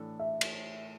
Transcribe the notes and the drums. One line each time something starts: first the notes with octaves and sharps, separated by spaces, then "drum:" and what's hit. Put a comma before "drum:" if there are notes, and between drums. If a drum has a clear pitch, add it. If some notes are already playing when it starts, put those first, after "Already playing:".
Already playing: A2 E3 A3 D4 A4
E5
drum: cymbal